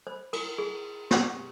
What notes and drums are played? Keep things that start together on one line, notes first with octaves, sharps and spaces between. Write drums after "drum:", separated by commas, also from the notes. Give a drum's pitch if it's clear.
C5
A#4, drum: cymbal
G#4
G4, drum: snare